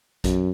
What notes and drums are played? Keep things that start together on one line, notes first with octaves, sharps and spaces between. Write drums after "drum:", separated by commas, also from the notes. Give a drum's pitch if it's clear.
F#2, drum: kick A#1, hi-hat